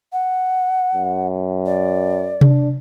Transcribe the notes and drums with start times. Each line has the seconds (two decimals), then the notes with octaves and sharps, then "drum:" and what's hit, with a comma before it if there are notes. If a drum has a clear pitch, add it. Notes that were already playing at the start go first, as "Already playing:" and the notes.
0.13 F#5
0.95 F#2
1.66 D5
2.41 D4, drum: tom C3